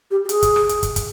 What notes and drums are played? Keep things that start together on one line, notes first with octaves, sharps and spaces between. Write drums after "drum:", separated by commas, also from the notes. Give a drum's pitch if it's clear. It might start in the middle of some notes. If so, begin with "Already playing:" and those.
G4
G4
G#4, drum: hi-hat
drum: kick, hi-hat
drum: rim click
drum: hi-hat
drum: kick, hi-hat
drum: kick, hi-hat